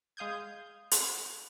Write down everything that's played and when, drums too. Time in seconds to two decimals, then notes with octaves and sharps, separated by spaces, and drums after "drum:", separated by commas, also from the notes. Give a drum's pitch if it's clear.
0.17 G#3 F5 D#6 G6 G#6
0.91 drum: hi-hat